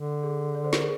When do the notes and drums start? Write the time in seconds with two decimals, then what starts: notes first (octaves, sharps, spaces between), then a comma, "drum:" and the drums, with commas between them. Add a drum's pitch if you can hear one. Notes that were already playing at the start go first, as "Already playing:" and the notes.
Already playing: D3
0.23 G#4
0.55 D5
0.64 C5
0.73 A#4, drum: snare
0.82 G#4